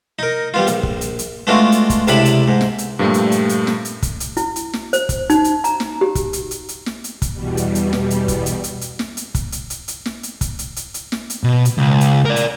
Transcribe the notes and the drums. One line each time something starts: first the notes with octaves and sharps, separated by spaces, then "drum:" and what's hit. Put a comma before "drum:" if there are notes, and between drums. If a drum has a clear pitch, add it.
D#4 A#4
G3 B3 F4
A#1, drum: hi-hat
drum: kick
drum: hi-hat
drum: hi-hat
G#3 A3 B3 D4 F4 F#4
drum: hi-hat
drum: kick, hi-hat
C#2 C3 D4 E4 A4 B5, drum: hi-hat
drum: hi-hat
G#2
drum: snare
drum: hi-hat
G2 A#2 F3 G3 A3
drum: hi-hat
drum: hi-hat
drum: hi-hat
drum: snare
drum: hi-hat
drum: kick, hi-hat
drum: hi-hat
E4, drum: hi-hat
drum: hi-hat
drum: snare
C5, drum: hi-hat
drum: kick, hi-hat
D#4, drum: hi-hat
drum: hi-hat
A#5, drum: hi-hat
drum: snare
G4
drum: kick, hi-hat
drum: hi-hat
drum: hi-hat
drum: hi-hat
drum: snare
drum: hi-hat
drum: kick, hi-hat
E2 B2 G3
drum: hi-hat
drum: hi-hat
drum: snare
drum: hi-hat
drum: kick, hi-hat
drum: hi-hat
drum: hi-hat
drum: hi-hat
drum: snare
drum: hi-hat
drum: kick, hi-hat
drum: hi-hat
drum: hi-hat
drum: hi-hat
drum: snare
drum: hi-hat
drum: kick, hi-hat
drum: hi-hat
drum: hi-hat
drum: hi-hat
drum: snare
drum: hi-hat
B2
drum: hi-hat
C#2
drum: hi-hat
A#4 D5
drum: hi-hat